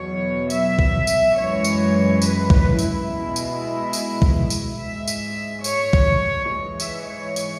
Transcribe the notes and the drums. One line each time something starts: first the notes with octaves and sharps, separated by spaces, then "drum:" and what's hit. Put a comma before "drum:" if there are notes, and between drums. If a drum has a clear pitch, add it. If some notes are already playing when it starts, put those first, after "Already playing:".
Already playing: E2 B2 F#3 C#5
E5, drum: tambourine
drum: kick
drum: tambourine
F#2 E3 G#3 C#5
drum: tambourine
B4, drum: tambourine
B4, drum: kick
E4, drum: tambourine
B2 G#3
drum: tambourine
drum: tambourine
drum: kick
drum: tambourine
G#2 G#3 E5
drum: tambourine
C#5, drum: tambourine
drum: kick
G#2 E3 G#3
E5, drum: tambourine
C#5
drum: tambourine